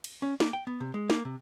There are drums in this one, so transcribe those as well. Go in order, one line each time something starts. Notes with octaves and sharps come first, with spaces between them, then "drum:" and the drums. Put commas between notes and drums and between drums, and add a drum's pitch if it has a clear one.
drum: cymbal
C#4
A#3, drum: snare
G5
B3
C3
G#3
A#3, drum: snare
C3